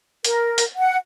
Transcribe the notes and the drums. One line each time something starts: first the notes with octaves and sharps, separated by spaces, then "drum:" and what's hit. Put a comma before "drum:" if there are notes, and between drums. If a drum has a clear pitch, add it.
A#4, drum: hi-hat
drum: hi-hat
F#5